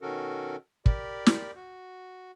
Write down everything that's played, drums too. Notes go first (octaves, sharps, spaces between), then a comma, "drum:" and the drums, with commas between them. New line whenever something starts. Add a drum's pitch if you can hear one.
B2 D#3 C#4 F#4 A4 A#4
G4 A#4 D5 B5, drum: kick
drum: snare
F#4